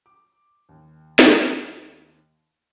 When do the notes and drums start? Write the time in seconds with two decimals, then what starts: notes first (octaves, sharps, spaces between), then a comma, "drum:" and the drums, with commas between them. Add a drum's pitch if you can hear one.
0.06 D6
0.69 D#2
1.19 drum: snare